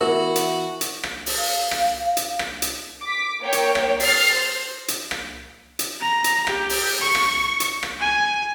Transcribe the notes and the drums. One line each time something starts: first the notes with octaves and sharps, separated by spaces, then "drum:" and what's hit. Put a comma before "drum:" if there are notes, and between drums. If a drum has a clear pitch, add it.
E3 B3 E4 F#4 A#4
drum: hi-hat
drum: hi-hat
drum: rim click
drum: open hi-hat
F5
drum: rim click
drum: hi-hat
drum: rim click
drum: hi-hat
D6 B6
A#3 C#5 G5
drum: hi-hat
drum: rim click
F6 A6 C7, drum: open hi-hat
C5
drum: hi-hat
drum: rim click
drum: hi-hat
A#5
drum: hi-hat
G4, drum: rim click
drum: open hi-hat
C#6
drum: rim click
drum: hi-hat
drum: rim click
G#5